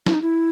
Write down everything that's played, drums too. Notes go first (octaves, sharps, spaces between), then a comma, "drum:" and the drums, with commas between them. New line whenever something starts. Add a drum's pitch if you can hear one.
E4, drum: snare
D#4
E4